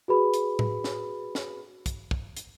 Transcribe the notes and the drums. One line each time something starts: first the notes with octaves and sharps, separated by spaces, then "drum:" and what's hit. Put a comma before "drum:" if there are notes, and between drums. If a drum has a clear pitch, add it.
F#4 G#4 B4 B5
drum: hi-hat
drum: tom A2
drum: snare
drum: snare
drum: kick, hi-hat
drum: kick
drum: hi-hat